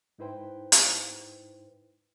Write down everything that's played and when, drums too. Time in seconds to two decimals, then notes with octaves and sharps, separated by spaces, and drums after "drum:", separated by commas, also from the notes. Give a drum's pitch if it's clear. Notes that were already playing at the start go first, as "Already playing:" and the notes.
0.18 G#2 D#4 E4 B4 C5 G5
0.72 drum: hi-hat